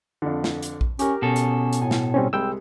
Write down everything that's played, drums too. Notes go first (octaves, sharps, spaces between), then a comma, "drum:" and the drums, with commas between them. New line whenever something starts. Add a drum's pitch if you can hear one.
F2 D3
drum: snare
drum: hi-hat
drum: kick A#1
C#4 G4 A#4, drum: hi-hat
B2 C#4 A4
drum: hi-hat
drum: hi-hat
A2 G#5
drum: snare
G3 C4 C#4
C2 G#3 G5 E6